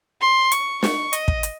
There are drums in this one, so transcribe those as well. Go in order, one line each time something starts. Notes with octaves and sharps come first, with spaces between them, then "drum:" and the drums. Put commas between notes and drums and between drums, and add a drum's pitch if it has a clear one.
C6
C#6, drum: hi-hat
C#6, drum: snare
D#5, drum: hi-hat
drum: kick
drum: hi-hat